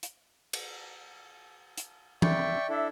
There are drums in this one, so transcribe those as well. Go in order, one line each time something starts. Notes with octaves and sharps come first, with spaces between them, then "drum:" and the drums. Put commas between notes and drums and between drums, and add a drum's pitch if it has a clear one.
drum: hi-hat
drum: cymbal
drum: hi-hat
D5 E5 G5 C#6, drum: tom E3
D4 E4 A4